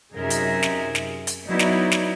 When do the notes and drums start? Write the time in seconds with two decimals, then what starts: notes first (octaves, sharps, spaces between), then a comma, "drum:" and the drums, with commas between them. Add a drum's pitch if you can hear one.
0.14 F#2 C3 D#4 G#4 A#4 E5
0.30 drum: hi-hat
0.63 drum: snare
0.95 drum: snare
1.27 drum: hi-hat
1.48 F#3 B3 D#4 E4 D5
1.59 drum: snare
1.91 drum: snare